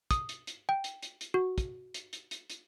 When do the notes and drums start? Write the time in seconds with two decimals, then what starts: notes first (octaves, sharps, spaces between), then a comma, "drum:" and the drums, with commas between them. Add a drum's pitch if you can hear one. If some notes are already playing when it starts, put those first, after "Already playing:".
0.11 D#6, drum: kick, hi-hat
0.29 drum: hi-hat
0.47 drum: hi-hat
0.69 G5
0.84 drum: hi-hat
1.02 drum: hi-hat
1.21 drum: hi-hat
1.34 F#4
1.58 drum: kick, hi-hat
1.94 drum: hi-hat
2.13 drum: hi-hat
2.31 drum: hi-hat
2.50 drum: hi-hat